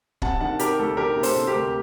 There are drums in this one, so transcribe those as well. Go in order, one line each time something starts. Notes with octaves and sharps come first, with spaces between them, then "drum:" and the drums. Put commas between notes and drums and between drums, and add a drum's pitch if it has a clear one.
C3 F#5 A5, drum: kick
D#3 F#5 A5
C3 G4 A#4, drum: hi-hat
D2 A4
D#3 G4 A#4
C3
A4 C5, drum: open hi-hat
C3
G4 A#4
D2